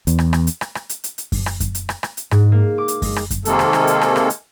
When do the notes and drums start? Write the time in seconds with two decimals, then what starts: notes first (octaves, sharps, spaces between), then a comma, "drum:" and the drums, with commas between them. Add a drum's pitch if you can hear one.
0.07 E2, drum: hi-hat
0.19 drum: rim click
0.33 drum: rim click
0.47 drum: hi-hat
0.61 drum: rim click
0.75 drum: rim click
0.89 drum: hi-hat
1.04 drum: hi-hat
1.18 drum: hi-hat
1.32 drum: kick F#2, open hi-hat
1.46 drum: rim click
1.60 drum: kick F#2, hi-hat
1.75 drum: hi-hat
1.89 drum: rim click
2.03 drum: rim click
2.17 drum: hi-hat
2.31 G#2, drum: rim click
2.52 A#3
2.78 D6
2.88 drum: hi-hat
3.02 G#3, drum: kick F#2, open hi-hat
3.16 drum: rim click
3.31 drum: kick F#2, hi-hat
3.45 C3 D#3 G#3 A#3 A4, drum: hi-hat
3.59 drum: rim click
3.73 drum: rim click
3.87 drum: hi-hat
4.01 drum: rim click
4.16 drum: rim click
4.30 drum: hi-hat